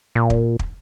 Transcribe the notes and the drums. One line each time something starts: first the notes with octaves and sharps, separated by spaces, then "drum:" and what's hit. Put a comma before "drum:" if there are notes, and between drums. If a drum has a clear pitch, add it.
A#2
drum: kick
drum: kick